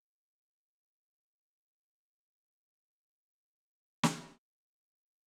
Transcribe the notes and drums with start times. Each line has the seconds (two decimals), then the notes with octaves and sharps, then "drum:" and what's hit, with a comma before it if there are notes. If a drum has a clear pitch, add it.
0.11 D#5
0.89 B2 E3 B3 C5
1.19 G#3 D4 F#5
1.48 C3 F#3 B4 E5 A#5 F#6
1.72 G#2 D#3 A#3 C#4 C#5 D5
2.13 E4 C#5 F5 G5
2.43 D3 D#4
3.14 B4 C5 G5 A5 B5 D6
4.03 drum: snare